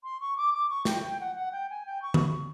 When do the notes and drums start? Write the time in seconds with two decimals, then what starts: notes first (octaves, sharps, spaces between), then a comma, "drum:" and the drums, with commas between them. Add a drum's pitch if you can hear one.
0.03 C6
0.20 C#6
0.37 D6
0.53 D6
0.69 C#6
0.85 G5, drum: snare
1.03 G5
1.20 F#5
1.35 F#5
1.52 G5
1.69 G#5
1.85 G5
2.02 C#6
2.14 drum: tom D3